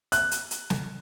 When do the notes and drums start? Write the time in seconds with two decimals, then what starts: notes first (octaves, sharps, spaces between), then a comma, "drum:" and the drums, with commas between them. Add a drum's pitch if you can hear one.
0.12 F#6, drum: hi-hat
0.31 drum: hi-hat
0.51 drum: hi-hat
0.70 drum: snare